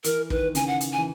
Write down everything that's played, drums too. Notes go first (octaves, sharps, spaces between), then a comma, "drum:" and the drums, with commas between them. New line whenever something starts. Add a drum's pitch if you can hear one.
E3 A#4, drum: hi-hat
D#3 B4, drum: kick
C#3 G#5, drum: hi-hat
F#5
drum: hi-hat
G#5
E3